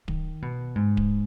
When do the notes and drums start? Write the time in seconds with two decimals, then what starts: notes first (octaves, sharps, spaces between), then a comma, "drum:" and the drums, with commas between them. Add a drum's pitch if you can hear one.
0.08 D#3, drum: kick D1
0.42 B2
0.76 G#2
0.97 drum: kick D1